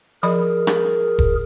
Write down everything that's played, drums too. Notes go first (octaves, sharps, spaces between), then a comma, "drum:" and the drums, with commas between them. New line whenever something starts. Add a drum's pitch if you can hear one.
F3 G#4 A#4 D5 B5
drum: rim click
drum: kick E1